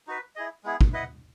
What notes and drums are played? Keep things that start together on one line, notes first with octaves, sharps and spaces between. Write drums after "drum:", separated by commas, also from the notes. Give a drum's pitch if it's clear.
D#4 F#4 B4
E4 G#4 D#5
G#3 B3 E4 G#4
drum: kick
E4 B4 D#5 F#5